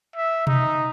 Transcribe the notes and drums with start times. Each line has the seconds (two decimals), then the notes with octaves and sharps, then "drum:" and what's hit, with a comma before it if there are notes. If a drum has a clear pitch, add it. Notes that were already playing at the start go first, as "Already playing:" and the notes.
0.16 E5
0.47 D#4, drum: tom B2